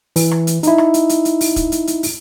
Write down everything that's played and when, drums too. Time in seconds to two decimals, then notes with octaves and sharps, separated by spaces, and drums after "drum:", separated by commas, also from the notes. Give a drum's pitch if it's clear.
0.16 E3, drum: open hi-hat
0.31 drum: rim click
0.47 drum: hi-hat
0.63 D#4 E4, drum: hi-hat
0.78 drum: rim click
0.94 drum: hi-hat
1.09 drum: hi-hat
1.25 drum: hi-hat
1.41 drum: open hi-hat
1.56 drum: kick, hi-hat
1.72 drum: hi-hat
1.87 drum: hi-hat
2.03 drum: open hi-hat